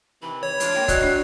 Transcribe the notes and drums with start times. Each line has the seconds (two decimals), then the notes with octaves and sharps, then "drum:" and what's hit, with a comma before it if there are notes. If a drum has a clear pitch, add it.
0.22 C3 D#3 E3 B5
0.43 C#5
0.60 D4 F4, drum: hi-hat
0.75 A#3 G5
0.88 F#3 D5 D#5 F#6, drum: kick, hi-hat
1.03 D4